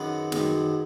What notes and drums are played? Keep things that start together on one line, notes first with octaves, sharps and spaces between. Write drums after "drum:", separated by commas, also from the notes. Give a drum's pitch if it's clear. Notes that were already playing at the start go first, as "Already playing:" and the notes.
Already playing: F#2 D#3 G#3 B3 B4
F#2 D#3 G#3, drum: snare